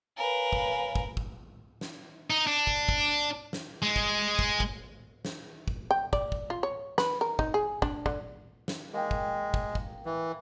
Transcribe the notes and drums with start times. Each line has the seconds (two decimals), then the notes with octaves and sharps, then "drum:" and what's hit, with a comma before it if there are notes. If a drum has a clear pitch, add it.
0.17 A#4 B4 C#5 F5 G#5
0.53 drum: kick
0.95 drum: kick
1.17 drum: kick
1.81 drum: snare
2.30 D#4
2.47 D4
2.67 drum: kick
2.89 drum: kick
3.53 drum: snare
3.82 G#3
3.96 drum: kick
4.39 drum: kick
4.60 drum: kick
5.25 drum: snare
5.68 drum: kick
5.91 G5
6.13 D5, drum: kick
6.32 drum: kick
6.50 F4
6.63 C#5
6.98 B4, drum: snare
7.21 A#4
7.39 D#4, drum: kick
7.54 G#4
7.82 D4, drum: kick
8.06 D3, drum: kick
8.68 drum: snare
8.94 G#3 A#3 G5
9.11 drum: kick
9.54 drum: kick
9.75 drum: kick
10.06 E3